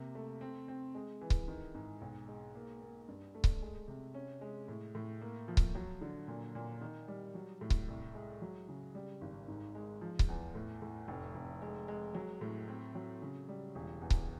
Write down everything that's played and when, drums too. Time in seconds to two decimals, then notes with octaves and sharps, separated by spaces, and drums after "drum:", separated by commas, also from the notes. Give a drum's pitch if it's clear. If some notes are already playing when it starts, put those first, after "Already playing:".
Already playing: C3 A#3
0.15 A3
0.41 C4
0.68 C4
0.95 G#3
1.21 E3
1.30 drum: kick C#1
1.48 D#3
1.75 G#2
2.01 B1
2.28 G#3
2.55 A#3
2.82 A#3
3.08 G2
3.35 A3
3.44 drum: kick C#1
3.62 G#3
3.88 C3
4.14 C#4
4.41 G#3
4.68 A2
4.95 A2
5.21 A#3
5.48 F3
5.57 drum: kick C#1
5.75 F#3
6.01 D3
6.28 A#2
6.55 A#2
6.81 D#3
7.08 G3
7.35 F#3
7.61 A2
7.70 drum: kick C#1
7.88 C2
8.15 G#3
8.42 F#3
8.69 C#3
8.95 G3
9.21 G#1
9.48 G#2
9.75 G#3
10.01 F3
10.19 drum: kick C#1
10.28 E2
10.55 A2
10.82 A2
11.08 F1
11.35 F1
11.62 G#3
11.88 G#3
12.14 F#3
12.41 A2
12.68 C4
12.95 F#3
13.22 C#3
13.49 G3
13.75 E1
14.01 E2
14.10 drum: kick C#1